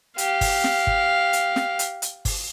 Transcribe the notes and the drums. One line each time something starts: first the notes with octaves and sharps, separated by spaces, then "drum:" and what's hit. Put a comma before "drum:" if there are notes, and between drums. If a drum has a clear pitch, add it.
G4 F5, drum: hi-hat
drum: kick G1, open hi-hat
drum: snare
drum: kick G1
drum: hi-hat
drum: snare
drum: hi-hat
drum: hi-hat
drum: kick G1, open hi-hat